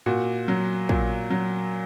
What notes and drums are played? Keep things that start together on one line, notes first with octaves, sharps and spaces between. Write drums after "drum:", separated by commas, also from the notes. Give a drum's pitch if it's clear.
A#2 F#4
F#3
A#2, drum: kick
F#3